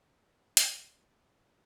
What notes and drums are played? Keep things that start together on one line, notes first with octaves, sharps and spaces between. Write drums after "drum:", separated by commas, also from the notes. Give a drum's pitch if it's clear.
F#5
C6, drum: hi-hat
F3